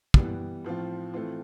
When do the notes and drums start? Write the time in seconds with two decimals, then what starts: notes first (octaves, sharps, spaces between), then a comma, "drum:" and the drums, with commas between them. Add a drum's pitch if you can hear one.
0.14 E3 G3 B3, drum: kick
0.64 A2 F3 C4 F4
1.14 E3 A3 C4 F4